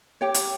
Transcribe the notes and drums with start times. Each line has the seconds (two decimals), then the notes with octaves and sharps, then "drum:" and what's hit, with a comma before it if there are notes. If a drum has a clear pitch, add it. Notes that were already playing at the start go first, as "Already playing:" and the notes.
0.21 G4 C#5 G5
0.34 drum: hi-hat